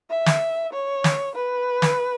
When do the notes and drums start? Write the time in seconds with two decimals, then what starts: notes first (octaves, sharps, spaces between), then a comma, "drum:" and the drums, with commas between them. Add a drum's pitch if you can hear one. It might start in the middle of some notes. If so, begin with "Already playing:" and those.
0.10 E5
0.26 drum: snare
0.73 C#5
1.04 drum: snare
1.35 B4
1.82 drum: snare